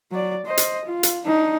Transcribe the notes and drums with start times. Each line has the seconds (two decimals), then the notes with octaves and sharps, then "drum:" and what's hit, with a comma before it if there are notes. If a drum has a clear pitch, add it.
0.12 F#3 D5
0.46 C5 D#5
0.57 drum: hi-hat
0.86 F4
1.03 drum: hi-hat
1.26 D4 D#4